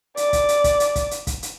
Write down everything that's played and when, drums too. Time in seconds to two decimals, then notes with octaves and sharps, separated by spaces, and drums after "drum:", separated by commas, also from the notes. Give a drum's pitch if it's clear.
0.17 D5, drum: hi-hat
0.33 drum: kick, hi-hat
0.48 drum: hi-hat
0.64 drum: kick, hi-hat
0.80 drum: hi-hat
0.96 drum: kick, hi-hat
1.11 drum: hi-hat
1.27 drum: kick, hi-hat
1.43 drum: hi-hat